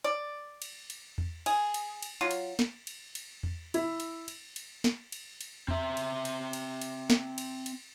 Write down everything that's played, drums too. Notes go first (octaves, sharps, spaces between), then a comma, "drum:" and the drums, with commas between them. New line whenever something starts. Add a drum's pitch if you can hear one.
D5
drum: cymbal
drum: cymbal
drum: tom E2
G#4, drum: cymbal
drum: cymbal
drum: cymbal
F#3 F4
drum: cymbal
drum: snare
drum: cymbal
drum: cymbal
drum: tom E2
E4, drum: cymbal
drum: cymbal
drum: cymbal
drum: cymbal
drum: snare
drum: cymbal
drum: cymbal
C4 E5, drum: tom E2
drum: cymbal
drum: cymbal
drum: cymbal
drum: cymbal
drum: snare
drum: cymbal
drum: cymbal